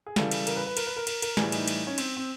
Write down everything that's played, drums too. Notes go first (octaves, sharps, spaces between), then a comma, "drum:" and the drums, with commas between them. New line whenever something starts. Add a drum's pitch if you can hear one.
G#4
C#3 E3 G3 A4, drum: snare
drum: cymbal
A#4, drum: cymbal
B4
B4
A#4, drum: cymbal
B4
A#4
A#4, drum: cymbal
A#4, drum: cymbal
A2 E3 G3 G#4, drum: snare
D#4, drum: cymbal
drum: cymbal
C#4
C4, drum: cymbal
C4